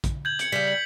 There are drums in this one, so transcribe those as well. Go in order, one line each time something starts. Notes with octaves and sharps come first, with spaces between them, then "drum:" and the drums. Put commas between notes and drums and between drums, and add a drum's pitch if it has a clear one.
drum: kick, hi-hat
G6 G#6 F#7
G#6 C#7, drum: hi-hat
C#3 G3 B6
F#7